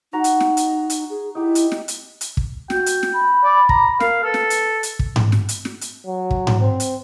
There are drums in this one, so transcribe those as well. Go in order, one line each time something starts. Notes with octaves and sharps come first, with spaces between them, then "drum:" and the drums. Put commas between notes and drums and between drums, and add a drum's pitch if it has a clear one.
D#4 F#4 A#5
drum: hi-hat
drum: snare
drum: hi-hat
drum: hi-hat
G#4
D#4 E4 G4
drum: hi-hat
drum: snare
drum: hi-hat
drum: hi-hat
drum: kick
F#4 G5, drum: snare
drum: hi-hat
drum: snare
B5
D5
A#5, drum: kick
A#4 F5, drum: snare
A4 B4
drum: snare
drum: hi-hat
drum: hi-hat
drum: kick
drum: tom G#2
drum: snare
drum: hi-hat
drum: snare
drum: hi-hat
F#3
drum: kick
drum: tom G#2
C4
drum: hi-hat